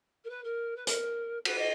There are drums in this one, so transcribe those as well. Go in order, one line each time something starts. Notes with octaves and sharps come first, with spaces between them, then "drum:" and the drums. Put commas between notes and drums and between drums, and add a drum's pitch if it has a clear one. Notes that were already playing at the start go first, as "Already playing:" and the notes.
A#4
B4
A#4
B4
A#4, drum: hi-hat
B4, drum: cymbal
D#5